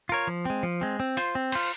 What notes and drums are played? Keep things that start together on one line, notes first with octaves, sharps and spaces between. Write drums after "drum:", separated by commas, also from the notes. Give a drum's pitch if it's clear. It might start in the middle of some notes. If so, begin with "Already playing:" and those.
F4 A#4 C#5
F3
G#3 C4
F3
G#3 C4
C4
F4 C5, drum: hi-hat
C4
F4 C5, drum: cymbal